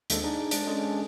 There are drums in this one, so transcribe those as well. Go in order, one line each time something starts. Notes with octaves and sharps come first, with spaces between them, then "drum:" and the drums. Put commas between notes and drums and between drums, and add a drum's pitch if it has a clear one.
D#2 G#3 D4 A4, drum: hi-hat
D4 D#4 G#4
G#3 D4, drum: hi-hat
G#3 C#4 D4 G#4 A4